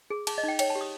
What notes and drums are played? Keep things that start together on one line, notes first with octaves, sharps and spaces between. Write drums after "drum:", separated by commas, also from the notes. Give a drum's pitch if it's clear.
G#4
G#4 A5, drum: cymbal
D#5
D#4 G5
C#5 G5, drum: cymbal
A5
G4
D#6